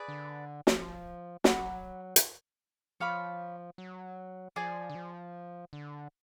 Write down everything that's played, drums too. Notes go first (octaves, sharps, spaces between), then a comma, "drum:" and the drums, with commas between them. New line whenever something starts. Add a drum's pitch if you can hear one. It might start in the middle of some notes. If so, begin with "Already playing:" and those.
Already playing: G#4 B4 D5
D3
F3, drum: snare
F#3 B4 F#5 B5 D6, drum: snare
drum: hi-hat
F3 C#5 F5 B5 D6
F#3
F3 G#4 D5 G#5
D3
F3
D3